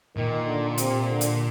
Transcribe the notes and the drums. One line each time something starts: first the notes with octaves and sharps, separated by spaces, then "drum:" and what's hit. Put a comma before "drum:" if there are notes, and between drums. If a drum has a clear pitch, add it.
A#2 D#3
D3
C3, drum: hi-hat
D3
drum: hi-hat